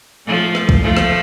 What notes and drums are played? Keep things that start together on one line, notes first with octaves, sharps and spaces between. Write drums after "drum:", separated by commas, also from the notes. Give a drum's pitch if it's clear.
F3 A3
drum: rim click
drum: kick
F3 A3
drum: rim click